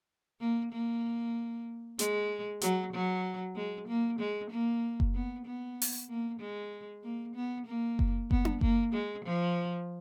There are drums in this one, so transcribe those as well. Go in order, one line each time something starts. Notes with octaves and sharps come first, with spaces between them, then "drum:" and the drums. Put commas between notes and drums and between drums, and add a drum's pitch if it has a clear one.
A#3
A#3
G#3, drum: hi-hat
F#3, drum: hi-hat
F#3
G#3
A#3
G#3
A#3
drum: kick F#1
B3
B3
drum: open hi-hat
A#3
G#3
A#3
B3
A#3
drum: kick F#1
B3, drum: kick F#1
drum: tom D4
A#3, drum: kick F#1
G#3
F3